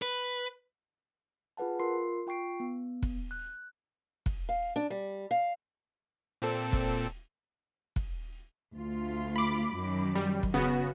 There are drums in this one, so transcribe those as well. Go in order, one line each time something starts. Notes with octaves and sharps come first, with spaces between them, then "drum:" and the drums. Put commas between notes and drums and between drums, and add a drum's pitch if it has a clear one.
B4
F4 G#4 B4 F#5 A5
F4 A#4 C6 C7
F4 G5 C#6 C7 D7
B3
drum: kick F1
F#6
drum: kick F1
F5
D4
G3
F5
A#2 C4 A4
drum: kick F1
drum: kick F1
D2 F4
B5 D6
F#2 D#3 F#3
G3
drum: kick F1
C#3 B3 F#4